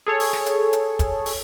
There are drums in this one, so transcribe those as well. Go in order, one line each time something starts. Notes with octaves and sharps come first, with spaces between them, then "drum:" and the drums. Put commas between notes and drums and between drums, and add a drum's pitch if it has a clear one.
G#4 A4 C#5
drum: open hi-hat
drum: snare
drum: hi-hat
drum: hi-hat
drum: kick, hi-hat
drum: open hi-hat